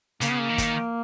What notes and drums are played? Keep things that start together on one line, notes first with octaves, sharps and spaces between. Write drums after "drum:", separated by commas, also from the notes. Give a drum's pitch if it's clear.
C#3 A#3, drum: hi-hat
B3
A#3
D#3
drum: kick, hi-hat